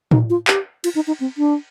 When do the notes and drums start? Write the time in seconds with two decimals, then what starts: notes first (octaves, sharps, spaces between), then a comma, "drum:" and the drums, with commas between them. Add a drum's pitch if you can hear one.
0.11 D#4, drum: tom A2
0.30 F4
0.48 G4, drum: clap
0.84 F4, drum: cymbal
0.95 D#4
1.07 D#4
1.20 C4
1.38 D4